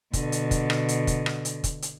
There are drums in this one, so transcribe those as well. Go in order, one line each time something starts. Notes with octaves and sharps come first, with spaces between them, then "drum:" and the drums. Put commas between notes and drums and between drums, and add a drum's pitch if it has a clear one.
B2 D3, drum: kick, hi-hat
drum: hi-hat
drum: kick, hi-hat
drum: rim click
drum: hi-hat
drum: kick, hi-hat
drum: rim click
drum: hi-hat
drum: kick, hi-hat
drum: hi-hat